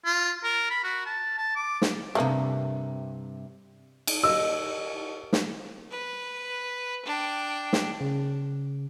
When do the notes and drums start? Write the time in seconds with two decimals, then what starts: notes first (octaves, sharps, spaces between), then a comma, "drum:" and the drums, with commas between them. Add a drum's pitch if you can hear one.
0.05 F4
0.44 A#4
0.70 B5
0.84 F#4
1.06 A5
1.38 A5
1.56 D6
1.82 drum: snare
2.15 G2 C3 A3 A#3 D#4
4.07 drum: cymbal
4.23 G4 A#4 D#5 E6
5.33 drum: snare
5.91 B4
7.05 D4 G5
7.73 drum: snare
8.01 C#3